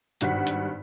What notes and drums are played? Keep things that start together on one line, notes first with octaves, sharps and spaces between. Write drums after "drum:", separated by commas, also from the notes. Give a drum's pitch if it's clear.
G#1 G2 F#4 F#5 B6, drum: hi-hat
drum: hi-hat